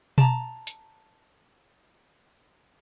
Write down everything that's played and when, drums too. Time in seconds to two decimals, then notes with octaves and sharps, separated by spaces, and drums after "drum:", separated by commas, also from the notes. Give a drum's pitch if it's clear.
0.18 A5 A#5, drum: tom B2
0.67 drum: hi-hat